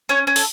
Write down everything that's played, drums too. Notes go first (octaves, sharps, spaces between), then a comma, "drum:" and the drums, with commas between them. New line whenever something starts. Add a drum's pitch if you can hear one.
C#4 C#5
C#4
A4, drum: open hi-hat